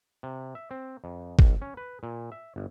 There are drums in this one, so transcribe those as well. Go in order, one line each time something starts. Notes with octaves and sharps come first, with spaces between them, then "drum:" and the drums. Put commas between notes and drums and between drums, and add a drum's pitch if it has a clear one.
C3
E5
C4
F2
B1, drum: kick G1
C#4
B4
A#2
E5
G1